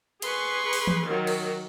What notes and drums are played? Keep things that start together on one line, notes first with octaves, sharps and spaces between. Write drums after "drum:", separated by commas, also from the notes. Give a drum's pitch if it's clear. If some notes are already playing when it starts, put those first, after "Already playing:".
G#4 B4 C6 C#6, drum: cymbal
drum: open hi-hat
drum: tom E3
D#3 F#3
drum: cymbal